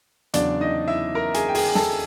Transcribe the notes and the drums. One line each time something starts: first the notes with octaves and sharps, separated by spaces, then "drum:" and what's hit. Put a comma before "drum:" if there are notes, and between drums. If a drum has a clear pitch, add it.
E2 C#3 F#3 D4 D5, drum: hi-hat
D#4 D#5
E4 E5
A#4 A#5
G#4 G#5, drum: hi-hat
G5
G#4 G#5, drum: open hi-hat
A4 A5, drum: snare